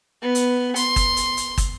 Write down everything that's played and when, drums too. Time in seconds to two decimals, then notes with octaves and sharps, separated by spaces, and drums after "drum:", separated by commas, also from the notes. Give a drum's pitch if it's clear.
0.22 B3
0.35 drum: hi-hat
0.76 C6, drum: hi-hat
0.96 drum: kick, hi-hat
1.17 drum: hi-hat
1.37 drum: hi-hat
1.58 drum: kick, hi-hat